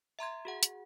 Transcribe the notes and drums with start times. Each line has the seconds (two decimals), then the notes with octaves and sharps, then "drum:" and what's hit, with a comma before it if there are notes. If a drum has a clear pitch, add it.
0.19 E5 A#5 C6 G#6
0.45 F#4 G#4 F#5
0.63 drum: hi-hat